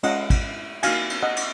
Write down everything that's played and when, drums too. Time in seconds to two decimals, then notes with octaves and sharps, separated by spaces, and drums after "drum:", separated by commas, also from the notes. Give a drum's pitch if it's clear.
0.03 G#3 C#4 F4 D#5 F#5, drum: cymbal
0.30 drum: kick, cymbal
0.83 A#3 D#4 F#4 F5 G#5, drum: cymbal
1.10 drum: cymbal
1.23 D#5 F#5
1.36 drum: cymbal